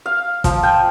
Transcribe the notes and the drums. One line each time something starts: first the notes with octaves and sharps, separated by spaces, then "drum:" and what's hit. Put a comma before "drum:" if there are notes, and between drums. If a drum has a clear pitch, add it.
F5
F3, drum: kick, hi-hat
G5